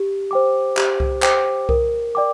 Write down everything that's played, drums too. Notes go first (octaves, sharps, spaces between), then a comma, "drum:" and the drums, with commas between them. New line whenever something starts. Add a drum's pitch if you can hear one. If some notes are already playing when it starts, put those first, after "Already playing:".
Already playing: G4
C5 G5 D6
G4, drum: clap
drum: kick C2
C5 G5 D6, drum: clap
A#4, drum: kick C2
D5 G5 D6